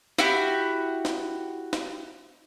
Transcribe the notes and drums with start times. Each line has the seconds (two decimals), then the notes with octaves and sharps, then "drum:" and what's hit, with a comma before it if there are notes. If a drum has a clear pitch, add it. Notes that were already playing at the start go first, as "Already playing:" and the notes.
0.18 E4 F#4 G4, drum: snare
1.05 drum: snare
1.73 drum: snare